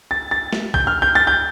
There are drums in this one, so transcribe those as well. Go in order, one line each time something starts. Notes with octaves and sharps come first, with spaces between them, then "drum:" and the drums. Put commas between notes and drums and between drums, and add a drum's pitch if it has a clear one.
A6
A6
drum: snare
G6, drum: kick
F6
G6
A6
G6